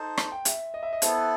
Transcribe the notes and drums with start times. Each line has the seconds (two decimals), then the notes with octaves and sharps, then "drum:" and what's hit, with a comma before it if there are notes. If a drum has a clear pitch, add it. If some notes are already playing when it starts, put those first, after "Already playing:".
Already playing: D#4 A4 C5
0.18 C6, drum: rim click
0.32 G5
0.45 E5, drum: hi-hat
0.74 D#5
0.83 E5
0.93 D#5
1.02 B3 E4 A4 C5, drum: hi-hat
1.16 B4